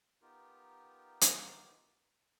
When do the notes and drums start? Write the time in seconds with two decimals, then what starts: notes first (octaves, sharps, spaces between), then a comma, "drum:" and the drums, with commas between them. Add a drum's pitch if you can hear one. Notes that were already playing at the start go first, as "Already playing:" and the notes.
0.22 B3 D#4 F4 G4 A#4
1.21 drum: hi-hat